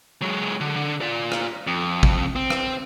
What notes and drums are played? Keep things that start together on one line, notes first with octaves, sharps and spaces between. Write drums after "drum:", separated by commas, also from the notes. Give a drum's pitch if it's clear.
F#3 G#3
D3
D3
F4 D5
drum: rim click
F2
drum: kick
C4
drum: rim click